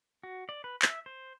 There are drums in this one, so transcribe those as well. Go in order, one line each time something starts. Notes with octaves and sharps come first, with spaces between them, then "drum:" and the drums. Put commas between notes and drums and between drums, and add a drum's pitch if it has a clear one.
F#4
D5
B4
E5, drum: clap
C5